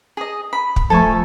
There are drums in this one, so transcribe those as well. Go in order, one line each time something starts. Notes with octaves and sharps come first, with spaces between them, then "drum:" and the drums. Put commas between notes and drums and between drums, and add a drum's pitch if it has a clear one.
G#4 D#5
B5
drum: kick
F3 A3 A4 G#5 C#6